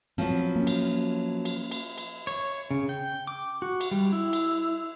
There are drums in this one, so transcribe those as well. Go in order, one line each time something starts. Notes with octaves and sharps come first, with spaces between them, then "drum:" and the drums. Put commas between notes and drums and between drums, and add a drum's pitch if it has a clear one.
F3 F#3 B3 C4
A#3 C#4
drum: cymbal
drum: cymbal
drum: cymbal
drum: cymbal
C#5
C#3
G5
D6
F#4
drum: cymbal
G3
E4
drum: cymbal